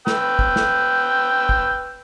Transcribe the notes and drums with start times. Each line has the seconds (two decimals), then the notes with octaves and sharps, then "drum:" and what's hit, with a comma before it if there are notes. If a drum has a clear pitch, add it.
0.07 B4 G5 E6, drum: snare
0.39 drum: kick
0.56 drum: snare
1.49 drum: kick